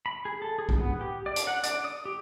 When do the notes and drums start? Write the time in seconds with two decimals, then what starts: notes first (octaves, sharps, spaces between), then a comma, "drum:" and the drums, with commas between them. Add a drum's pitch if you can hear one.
0.06 B5
0.25 G#4
0.42 A4
0.59 G#4
0.69 drum: kick B1
0.78 B3
1.01 G4
1.26 D5
1.36 drum: hi-hat
1.47 F#5
1.63 D5, drum: hi-hat
1.84 D#6
2.05 G4